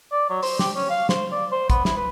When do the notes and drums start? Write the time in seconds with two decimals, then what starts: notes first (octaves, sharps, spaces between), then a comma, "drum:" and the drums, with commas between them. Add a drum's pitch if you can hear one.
0.12 D5
0.30 F#3
0.42 C5, drum: open hi-hat
0.59 G4, drum: snare
0.75 C#4
0.89 F5
1.09 C5, drum: snare
1.32 D5
1.52 C5
1.70 B3, drum: kick, hi-hat
1.85 E4, drum: snare
1.97 B4